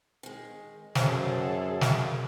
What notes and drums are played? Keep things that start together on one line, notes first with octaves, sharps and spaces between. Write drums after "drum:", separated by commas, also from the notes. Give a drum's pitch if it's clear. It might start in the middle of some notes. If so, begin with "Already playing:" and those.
D#3 G#3
F#2 F#3 C#4 G#4 A4 C5, drum: snare
drum: snare